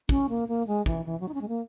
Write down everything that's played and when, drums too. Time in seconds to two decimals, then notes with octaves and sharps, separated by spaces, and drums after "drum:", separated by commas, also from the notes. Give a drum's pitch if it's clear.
0.09 C#4, drum: kick
0.29 A#3
0.48 A#3
0.67 G#3
0.86 E3, drum: kick
1.05 E3
1.20 F#3
1.28 D#4
1.34 C#4
1.41 G#3
1.48 A#3